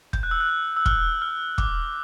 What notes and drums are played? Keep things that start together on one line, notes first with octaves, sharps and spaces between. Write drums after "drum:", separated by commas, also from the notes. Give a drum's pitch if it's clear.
G6, drum: kick
F#6
E6
F#6
E6
E6
F6, drum: kick
F6
D6, drum: kick